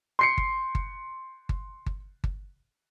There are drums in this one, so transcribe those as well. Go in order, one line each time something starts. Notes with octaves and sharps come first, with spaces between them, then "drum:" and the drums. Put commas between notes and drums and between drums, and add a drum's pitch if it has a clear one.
C6 C7 C#7
drum: kick G1
drum: kick G1
drum: kick G1
drum: kick G1
drum: kick G1